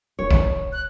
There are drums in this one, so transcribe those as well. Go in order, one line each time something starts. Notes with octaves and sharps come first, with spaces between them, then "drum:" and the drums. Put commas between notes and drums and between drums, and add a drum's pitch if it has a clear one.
E1 C#5
drum: kick B1
F#6